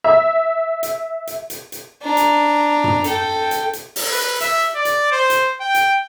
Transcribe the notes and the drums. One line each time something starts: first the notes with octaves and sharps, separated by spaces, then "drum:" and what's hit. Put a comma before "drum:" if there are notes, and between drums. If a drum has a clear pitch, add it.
E5
drum: hi-hat
drum: hi-hat
drum: hi-hat
drum: hi-hat
D4 A#5
drum: hi-hat
drum: tom
A4 G5, drum: hi-hat
drum: hi-hat
drum: hi-hat
drum: open hi-hat
B4
E5, drum: hi-hat
D5
drum: hi-hat
C5
drum: hi-hat
G5
drum: hi-hat